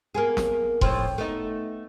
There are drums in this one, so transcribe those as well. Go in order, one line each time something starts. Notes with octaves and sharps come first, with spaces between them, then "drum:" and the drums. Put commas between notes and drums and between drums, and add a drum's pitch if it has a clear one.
A#3 B3 G#4
drum: snare
A2 F3 C4, drum: kick E1
A3 B3 D#4